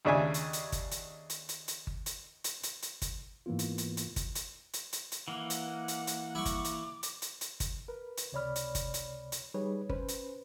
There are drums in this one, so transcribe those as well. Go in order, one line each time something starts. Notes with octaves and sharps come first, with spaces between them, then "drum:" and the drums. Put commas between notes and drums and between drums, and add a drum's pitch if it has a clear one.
D#2 C#3 D4 E5 G#5
drum: hi-hat
drum: hi-hat
drum: kick G1, hi-hat
drum: hi-hat
drum: hi-hat
drum: hi-hat
drum: hi-hat
drum: kick G1
drum: hi-hat
drum: hi-hat
drum: hi-hat
drum: hi-hat
drum: kick G1, hi-hat
G#2 E3 A#3 B3 F4
drum: hi-hat
drum: hi-hat
drum: hi-hat
drum: kick G1, hi-hat
drum: hi-hat
drum: hi-hat
drum: hi-hat
drum: hi-hat
E3 A#3 F#5
drum: hi-hat
drum: hi-hat
drum: hi-hat
E4 C#6 D6
drum: kick G1, hi-hat
drum: hi-hat
drum: hi-hat
drum: hi-hat
drum: hi-hat
drum: kick G1, hi-hat
A#4 B4
drum: hi-hat
C#2 C3 C#5 D5 B5 F6
drum: hi-hat
drum: kick G1, hi-hat
drum: hi-hat
drum: hi-hat
G3 D#4 G#4 B4 C#5
C#4 B4 C5, drum: kick G1
drum: hi-hat